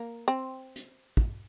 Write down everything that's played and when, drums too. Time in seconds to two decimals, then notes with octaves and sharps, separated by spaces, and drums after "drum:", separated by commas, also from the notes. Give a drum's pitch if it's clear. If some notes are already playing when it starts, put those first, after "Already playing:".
Already playing: A#3
0.28 C4
0.76 drum: hi-hat
1.17 drum: kick